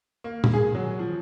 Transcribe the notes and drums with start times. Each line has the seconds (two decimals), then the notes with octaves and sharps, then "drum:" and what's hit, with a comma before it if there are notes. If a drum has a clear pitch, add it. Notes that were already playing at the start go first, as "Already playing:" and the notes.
0.24 A#3
0.44 drum: tom A#2
0.54 G#4
0.75 F#3
0.99 F3